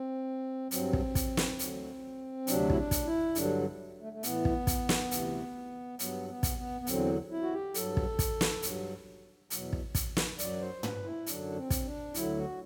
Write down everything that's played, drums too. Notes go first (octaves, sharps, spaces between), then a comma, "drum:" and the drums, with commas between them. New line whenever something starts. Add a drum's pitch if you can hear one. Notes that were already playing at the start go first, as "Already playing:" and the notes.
Already playing: C4
G2 F#3 C4, drum: hi-hat
drum: kick
drum: kick, hi-hat
drum: snare
D2 D3 F#3, drum: hi-hat
D2 C3 F#3 D4, drum: hi-hat
E4, drum: kick
D4
drum: kick, hi-hat
E4
G2 D3 F#3 D4, drum: hi-hat
A3
A3
A2 E3 B3, drum: hi-hat
drum: kick
drum: kick, hi-hat
drum: snare
D2 C3 E3, drum: hi-hat
G2 F#3 B3, drum: hi-hat
B3
drum: kick, hi-hat
B3
B3
E2 D3 F#3 C4, drum: hi-hat
E4
F#4
G4
G2 F#3 A4, drum: hi-hat
drum: kick
drum: kick, hi-hat
drum: snare
G2 F#3, drum: hi-hat
E2 B2 F#3, drum: hi-hat
drum: kick
drum: kick, hi-hat
drum: snare
F#2 F#3 D5, drum: hi-hat
C5
B4, drum: tom
E4
F#2 D3 F#3 D4, drum: hi-hat
C4
drum: kick, hi-hat
D4
D2 D3 F#3 E4, drum: hi-hat
F#4